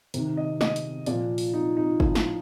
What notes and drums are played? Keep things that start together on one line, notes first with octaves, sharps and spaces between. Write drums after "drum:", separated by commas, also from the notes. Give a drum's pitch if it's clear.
C3 D#3, drum: hi-hat
D#5
D#5, drum: snare
drum: hi-hat
A#2 F3 D5, drum: hi-hat
drum: open hi-hat
D#4
D#4
A2 F3, drum: kick G1
drum: snare